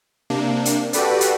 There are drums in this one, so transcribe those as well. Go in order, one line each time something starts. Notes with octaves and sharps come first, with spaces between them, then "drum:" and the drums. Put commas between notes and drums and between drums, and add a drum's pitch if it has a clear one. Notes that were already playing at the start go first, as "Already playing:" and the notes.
C3 A#3 D4
drum: hi-hat
F#4 G4 A4 B4 D5, drum: hi-hat
drum: hi-hat